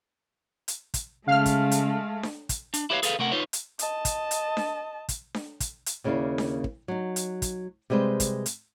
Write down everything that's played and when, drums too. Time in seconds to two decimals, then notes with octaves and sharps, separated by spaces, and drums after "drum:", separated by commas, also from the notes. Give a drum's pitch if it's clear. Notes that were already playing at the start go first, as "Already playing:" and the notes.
0.68 drum: hi-hat
0.94 drum: kick, hi-hat
1.28 C#3 G#3 A3 F5 F6
1.46 drum: kick, hi-hat
1.71 drum: hi-hat
2.23 drum: snare D4
2.49 drum: kick, hi-hat
2.74 D4, drum: hi-hat
2.90 E4 G4 B4 C#5 D#5 F5
3.03 G#4 A4 B4 F5, drum: hi-hat
3.19 C3 A3 A#4 F#5
3.32 D#4 F4 B4 C#5
3.53 drum: hi-hat
3.79 D#5 A5, drum: hi-hat
4.05 drum: kick, hi-hat
4.31 drum: hi-hat
4.57 drum: snare D4
5.09 drum: kick, hi-hat
5.34 drum: snare D4
5.60 drum: kick, hi-hat
5.86 drum: hi-hat
6.04 D#2 C#3 A#3 E4 D5 F5
6.38 drum: snare D4
6.64 drum: kick
6.88 F#3 D#4
7.16 drum: hi-hat
7.42 drum: kick, hi-hat
7.90 C3 G3 G#3 B4 C5
8.20 drum: kick, hi-hat
8.46 drum: hi-hat